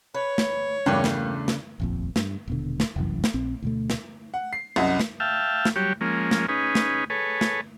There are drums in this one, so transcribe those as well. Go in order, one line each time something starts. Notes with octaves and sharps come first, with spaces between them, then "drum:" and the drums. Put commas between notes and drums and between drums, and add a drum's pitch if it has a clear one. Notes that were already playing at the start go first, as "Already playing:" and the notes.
B4 C#5
drum: snare
E2 G2 C#3 A3 A#3 C#4 G5
drum: snare
drum: snare
D#1 A#1 F2
G2, drum: snare
D#1 B2 D3
drum: snare
F1 C2 F#2 E3
drum: snare
A#1 C4
D2 B2 A3
drum: snare
F#5
C7
C2 F#2 F#4 D#5
drum: snare
E5 F5 G5 A5
drum: snare
F#3 G3 G4 C#5
F3 G#3 A#3 C#4
drum: snare
C#4 D#4 G#4 B4
drum: snare
G#4 A4 B4 C#5
drum: snare